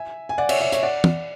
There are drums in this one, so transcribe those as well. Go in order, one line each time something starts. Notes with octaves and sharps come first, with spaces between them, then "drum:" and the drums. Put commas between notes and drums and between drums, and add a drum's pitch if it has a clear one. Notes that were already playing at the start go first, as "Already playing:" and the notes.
Already playing: E5 G#5
G#5
D5 F#5
C#5 E5, drum: cymbal
C#5 E5
C#5 E5, drum: hi-hat
D5 F#5
drum: tom